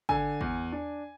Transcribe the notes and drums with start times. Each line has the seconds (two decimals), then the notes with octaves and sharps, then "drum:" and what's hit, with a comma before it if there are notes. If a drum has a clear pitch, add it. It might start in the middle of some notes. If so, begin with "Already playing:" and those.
0.09 D3 G#5, drum: kick
0.41 E2, drum: kick
0.72 D4